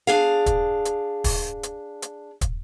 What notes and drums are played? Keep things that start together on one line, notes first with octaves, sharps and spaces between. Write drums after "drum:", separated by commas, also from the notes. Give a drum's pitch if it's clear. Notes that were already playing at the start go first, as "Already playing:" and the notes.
D4 G#4 F5
drum: kick, hi-hat
drum: hi-hat
drum: kick, open hi-hat
drum: hi-hat
drum: hi-hat
drum: kick, hi-hat